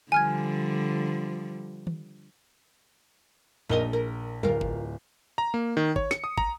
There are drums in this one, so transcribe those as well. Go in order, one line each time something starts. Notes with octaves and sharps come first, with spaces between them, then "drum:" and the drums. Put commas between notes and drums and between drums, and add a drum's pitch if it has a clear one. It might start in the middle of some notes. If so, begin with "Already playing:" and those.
D3 F3 G3 G#5 F6 G#6
drum: tom D#3
A#1 D#4 A#4 D#5 G7
A#4
D1 F4 A#4, drum: tom F#3
drum: kick
A#5
A#3
D#3
C#5, drum: kick
C#7, drum: snare
D#6
A#5, drum: kick